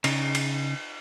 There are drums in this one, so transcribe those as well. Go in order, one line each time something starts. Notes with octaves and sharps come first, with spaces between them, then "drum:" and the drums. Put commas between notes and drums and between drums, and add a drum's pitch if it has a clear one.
C#3 D#4, drum: cymbal
drum: cymbal